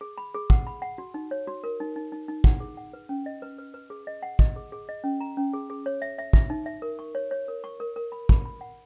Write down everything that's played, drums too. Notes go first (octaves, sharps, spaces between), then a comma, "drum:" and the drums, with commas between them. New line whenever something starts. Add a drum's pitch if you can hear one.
G#4
B5
G#4
F#5, drum: kick
B5
F#5
F#4
D#4
C#5
F#4
A#4
D#4
D#4
D#4
D#4
F#5, drum: kick
G#4
F#5
B4
C#4
D#5
B4
B4
B4
G#4
D#5
F#5
D#5, drum: kick
G#4
G#4
D#5
C#4
A#5
C#4
G#4
G#4
C#5
E5
E5
E5, drum: kick
D#4
E5
A#4
C#6
C#5
C#5
A#4
C#6
A#4
A#4
B5
B5, drum: kick
B5
F#5